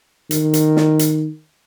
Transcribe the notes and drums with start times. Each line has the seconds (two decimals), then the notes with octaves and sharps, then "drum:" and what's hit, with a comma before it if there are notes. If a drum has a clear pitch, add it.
0.31 D#3, drum: hi-hat
0.54 drum: hi-hat
0.76 drum: snare
0.99 drum: hi-hat